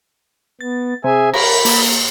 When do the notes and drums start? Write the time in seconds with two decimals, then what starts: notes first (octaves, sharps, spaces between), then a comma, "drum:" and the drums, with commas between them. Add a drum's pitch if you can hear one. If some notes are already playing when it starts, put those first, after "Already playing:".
0.61 B3 A6
1.04 C3 G#4 E5 G#5
1.34 A#4 B5, drum: cymbal
1.65 A#3, drum: open hi-hat